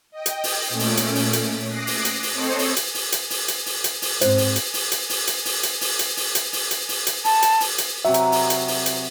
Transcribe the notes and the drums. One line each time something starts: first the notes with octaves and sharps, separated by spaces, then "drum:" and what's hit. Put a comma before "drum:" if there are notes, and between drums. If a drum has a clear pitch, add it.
D#5 G5
drum: hi-hat
drum: open hi-hat
A#2 A3 C#4 D7
drum: open hi-hat
drum: hi-hat
drum: open hi-hat
drum: hi-hat
D6 D#6 F#6 A#6 C7
drum: open hi-hat
drum: hi-hat
drum: open hi-hat
C4 A4 C5 C#5 D#5
drum: open hi-hat
drum: hi-hat
drum: open hi-hat
drum: hi-hat
drum: open hi-hat
drum: hi-hat
drum: open hi-hat
drum: hi-hat
drum: open hi-hat
G#2 C4 C5, drum: hi-hat
drum: open hi-hat
drum: hi-hat
drum: open hi-hat
drum: hi-hat
drum: open hi-hat
drum: hi-hat
drum: open hi-hat
drum: hi-hat
drum: open hi-hat
drum: hi-hat
drum: open hi-hat
drum: hi-hat
drum: open hi-hat
drum: hi-hat
drum: open hi-hat
drum: hi-hat
A5, drum: open hi-hat
drum: hi-hat
drum: open hi-hat
drum: hi-hat
C3 F#3 E5
drum: hi-hat
drum: open hi-hat
drum: hi-hat
drum: open hi-hat
drum: hi-hat